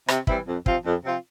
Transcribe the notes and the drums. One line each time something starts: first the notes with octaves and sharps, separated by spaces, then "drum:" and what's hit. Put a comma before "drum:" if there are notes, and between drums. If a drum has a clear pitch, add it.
C3, drum: rim click
E3 G3 C4 E4, drum: kick
F2
C3 F3 C4 F4, drum: kick
F2
C3 F3 C4 F4